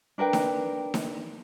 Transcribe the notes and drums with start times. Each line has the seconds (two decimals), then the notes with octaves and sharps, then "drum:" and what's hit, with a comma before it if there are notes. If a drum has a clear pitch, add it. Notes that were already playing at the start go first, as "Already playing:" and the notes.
0.18 D4 A#4 B4 G5
0.33 drum: snare D#4
0.94 drum: snare D#4